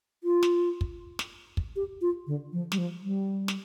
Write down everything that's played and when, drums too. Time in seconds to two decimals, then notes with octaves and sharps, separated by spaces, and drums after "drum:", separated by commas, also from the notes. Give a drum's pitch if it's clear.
0.24 F4
0.43 drum: snare
0.81 drum: kick
1.19 drum: snare
1.57 drum: kick
1.76 G4
2.01 F4
2.27 D3
2.53 F3
2.72 G3, drum: snare
2.78 F3
3.03 G3
3.48 drum: snare